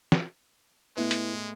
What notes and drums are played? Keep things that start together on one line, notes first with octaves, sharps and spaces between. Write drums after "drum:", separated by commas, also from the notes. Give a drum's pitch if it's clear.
drum: snare
A2 G#3 B3 E4 B4
drum: hi-hat